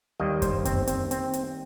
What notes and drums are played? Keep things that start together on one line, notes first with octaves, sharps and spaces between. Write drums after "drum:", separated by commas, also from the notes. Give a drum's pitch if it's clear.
D#2 D#3 G3 A#3 D#5
C5, drum: kick F#2, hi-hat
C4, drum: kick F#2, hi-hat
C4, drum: hi-hat
C4, drum: hi-hat
drum: hi-hat